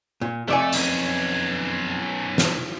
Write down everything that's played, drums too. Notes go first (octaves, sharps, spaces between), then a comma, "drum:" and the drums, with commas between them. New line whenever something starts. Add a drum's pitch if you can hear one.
A#2
F2 A3 D5 G#5
B1 C#4, drum: hi-hat
drum: snare